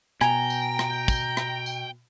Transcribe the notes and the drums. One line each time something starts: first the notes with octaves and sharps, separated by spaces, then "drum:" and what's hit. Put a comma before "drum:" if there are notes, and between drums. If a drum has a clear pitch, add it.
B2 G5 G#5 A#5, drum: rim click
drum: tambourine
drum: rim click
drum: kick, tambourine
drum: rim click
drum: tambourine